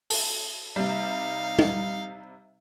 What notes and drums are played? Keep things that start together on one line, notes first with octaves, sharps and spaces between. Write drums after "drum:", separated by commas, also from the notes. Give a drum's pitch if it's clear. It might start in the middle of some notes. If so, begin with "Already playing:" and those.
A4, drum: open hi-hat
C3 G3 D#4 F5
drum: tom